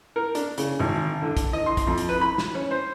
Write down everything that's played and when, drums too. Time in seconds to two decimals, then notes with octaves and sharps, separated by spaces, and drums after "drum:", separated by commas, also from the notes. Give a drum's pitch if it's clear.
0.16 A#4
0.35 D4, drum: hi-hat
0.58 C#3, drum: hi-hat
0.80 G#1
0.96 drum: tom D#3
1.22 D3
1.37 drum: kick, hi-hat
1.53 D#5
1.66 C6
1.77 drum: kick, hi-hat
1.87 F2
1.98 drum: hi-hat
2.09 B4
2.21 B5
2.38 drum: snare
2.55 C#4
2.71 C5